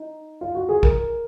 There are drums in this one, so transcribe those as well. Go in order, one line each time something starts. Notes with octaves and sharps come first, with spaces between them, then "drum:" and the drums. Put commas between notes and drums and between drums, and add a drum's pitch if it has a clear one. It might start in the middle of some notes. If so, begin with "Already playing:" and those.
Already playing: D#4
F4
F#4
G#4
A#4, drum: kick